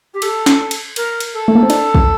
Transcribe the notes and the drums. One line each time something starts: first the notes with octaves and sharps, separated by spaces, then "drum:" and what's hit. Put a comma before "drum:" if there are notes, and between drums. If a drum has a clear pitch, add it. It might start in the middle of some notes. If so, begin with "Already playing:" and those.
G4
A4, drum: cymbal
drum: snare
drum: cymbal
A#4, drum: cymbal
drum: cymbal
A4
A3
A#3
C4
D4, drum: cymbal
drum: kick A#1